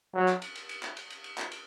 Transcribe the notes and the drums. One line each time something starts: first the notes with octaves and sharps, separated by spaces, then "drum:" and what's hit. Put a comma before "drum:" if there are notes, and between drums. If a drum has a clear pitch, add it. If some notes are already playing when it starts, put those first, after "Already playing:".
F#3
drum: clap
drum: cymbal
drum: cymbal
drum: cymbal
drum: clap
drum: cymbal
drum: cymbal
drum: cymbal
drum: clap
drum: cymbal